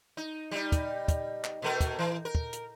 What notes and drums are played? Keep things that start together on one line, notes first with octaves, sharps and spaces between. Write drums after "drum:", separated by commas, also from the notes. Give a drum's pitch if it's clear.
D#4
G3 D#4
drum: kick, hi-hat
drum: kick, hi-hat
drum: clap
B2 A3 A#4
drum: kick, hi-hat
E3
A#4
drum: kick
drum: hi-hat